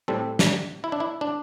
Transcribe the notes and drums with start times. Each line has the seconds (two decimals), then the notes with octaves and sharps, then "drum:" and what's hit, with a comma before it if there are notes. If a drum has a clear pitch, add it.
0.08 A2 G3 C4 A4
0.39 drum: snare
0.84 E4
0.92 D4
1.00 E4
1.21 D4